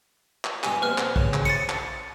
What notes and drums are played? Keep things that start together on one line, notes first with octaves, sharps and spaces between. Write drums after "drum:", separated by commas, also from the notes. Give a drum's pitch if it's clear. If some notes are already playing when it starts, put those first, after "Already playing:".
drum: clap
G2 B2 G4 G#5, drum: clap
A#1 C4 B4 F6
drum: clap
C#3, drum: kick
drum: clap
C5 F#5 G#5 A6 C#7
drum: clap